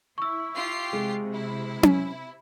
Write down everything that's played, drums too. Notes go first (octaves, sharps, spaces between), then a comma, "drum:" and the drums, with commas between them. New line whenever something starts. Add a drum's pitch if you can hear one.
E4 C#6 E6
F4 G4 C7
C3 G#3
E4
drum: tom C#4